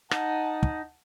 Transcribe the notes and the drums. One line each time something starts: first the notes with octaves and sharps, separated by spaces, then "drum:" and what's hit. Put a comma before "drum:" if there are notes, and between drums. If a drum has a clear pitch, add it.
D#4 F#5 A5, drum: rim click
drum: kick